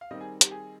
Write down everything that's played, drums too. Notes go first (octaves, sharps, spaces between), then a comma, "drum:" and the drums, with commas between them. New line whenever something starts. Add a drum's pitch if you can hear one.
F5
D#3 G3 C4 D#4 D#5
G#4
G4, drum: hi-hat
G#4